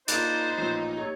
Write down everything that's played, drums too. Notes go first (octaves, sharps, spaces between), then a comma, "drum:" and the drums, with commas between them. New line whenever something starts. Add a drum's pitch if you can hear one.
A#3 D4 D#4 F4 C5 B5 F#6 A6, drum: hi-hat
A1 A#2 F3
A#3 G4 C#5